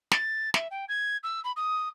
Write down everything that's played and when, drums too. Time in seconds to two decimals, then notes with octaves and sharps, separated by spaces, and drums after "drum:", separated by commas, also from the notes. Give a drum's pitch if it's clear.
0.12 A6, drum: snare
0.54 E5, drum: snare
0.71 G5
0.88 G#6
1.23 E6
1.44 B5
1.56 D#6